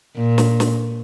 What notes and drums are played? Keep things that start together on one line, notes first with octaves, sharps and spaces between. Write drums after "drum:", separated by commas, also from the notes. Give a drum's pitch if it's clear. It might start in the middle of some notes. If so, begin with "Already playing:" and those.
A#2
drum: snare
drum: snare